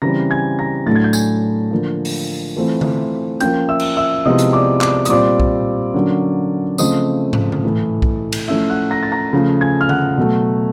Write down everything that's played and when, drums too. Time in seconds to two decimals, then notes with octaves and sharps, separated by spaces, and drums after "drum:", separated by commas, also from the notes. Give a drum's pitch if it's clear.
0.02 C#3 E3 G3 C4 A#5 A#6
0.30 G#5 G#6
0.59 A#5 A#6
0.86 A2 F#3 A3 D4 A6
0.96 G#6
1.04 G6
1.13 G#5 G#6, drum: tambourine
1.71 D3 F3 A#3
2.05 drum: open hi-hat
2.57 E3 A3 C4 F4
2.81 drum: tom D3
3.40 F3 A#3 C#4 G5 G6, drum: hi-hat
3.69 E5 E6
3.80 drum: cymbal
3.97 E5 E6
4.25 C3 F3 G#3 B3 E4 D#5 D#6
4.38 drum: hi-hat
4.53 D5 D6
4.81 D5 D6, drum: clap
5.05 D#6, drum: hi-hat
5.09 A#2 G3 C4 F4 D5 D6
5.40 drum: kick B1
5.94 D3 F#3 A#3 C#4
6.78 C#3 F3 A3 C4 D#5 D#6, drum: tambourine
7.33 drum: tom
7.52 drum: tom D3
7.63 A2 E3 A3
8.02 drum: kick B1
8.32 drum: cymbal
8.47 F3 A3 C#4 E4 E5 E6
8.70 F#5 F#6
8.90 A#5 A#6
9.03 A6
9.11 A#5 A#6
9.33 C#3 F3 A3
9.61 G#5 G#6
9.81 F6
9.89 F#5 F#6, drum: tom D3
10.17 B2 F#3 A3